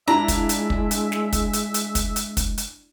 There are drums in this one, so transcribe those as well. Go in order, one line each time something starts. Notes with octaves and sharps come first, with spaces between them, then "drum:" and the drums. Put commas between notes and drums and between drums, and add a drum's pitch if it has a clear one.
G#3 D4 E4 F4 E5 A#5
drum: kick, hi-hat
drum: hi-hat
drum: kick
drum: hi-hat
drum: snare
drum: kick, hi-hat
drum: hi-hat
drum: hi-hat
drum: kick, hi-hat
drum: hi-hat
drum: kick, hi-hat
drum: hi-hat